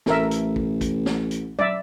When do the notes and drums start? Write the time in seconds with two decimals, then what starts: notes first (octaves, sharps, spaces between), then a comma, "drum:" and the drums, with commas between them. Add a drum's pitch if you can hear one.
0.06 A1 A3 A#4 E5, drum: snare
0.31 drum: hi-hat
0.56 drum: kick
0.81 drum: kick, hi-hat
1.06 drum: snare
1.31 drum: hi-hat
1.59 D5 E5, drum: tom F#3